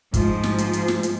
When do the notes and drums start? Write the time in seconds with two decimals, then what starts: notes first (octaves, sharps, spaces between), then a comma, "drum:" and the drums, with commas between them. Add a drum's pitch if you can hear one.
0.14 G#2 F3, drum: kick, hi-hat
0.43 drum: snare
0.58 drum: hi-hat
0.73 drum: hi-hat
0.88 drum: snare
1.03 drum: hi-hat